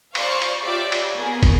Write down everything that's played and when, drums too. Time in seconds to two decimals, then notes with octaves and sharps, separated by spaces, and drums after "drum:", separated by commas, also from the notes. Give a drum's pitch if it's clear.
0.15 C5 D5 F5 C#6, drum: cymbal
0.42 drum: cymbal
0.62 F4 G4 C#5 D5 E5
0.92 drum: cymbal
1.17 B3 G#4 A#4
1.43 drum: kick, cymbal